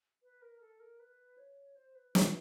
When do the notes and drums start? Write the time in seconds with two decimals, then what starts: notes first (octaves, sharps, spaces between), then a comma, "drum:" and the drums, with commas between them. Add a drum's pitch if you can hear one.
0.23 B4
0.42 A#4
0.61 A4
0.80 A#4
1.00 B4
1.38 C#5
1.76 C5
1.95 B4
2.15 C#5, drum: snare